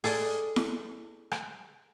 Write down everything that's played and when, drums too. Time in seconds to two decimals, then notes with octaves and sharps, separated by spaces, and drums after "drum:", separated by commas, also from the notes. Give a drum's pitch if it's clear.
0.04 G#4 A4 D5, drum: open hi-hat
0.56 drum: snare E4
1.31 drum: rim click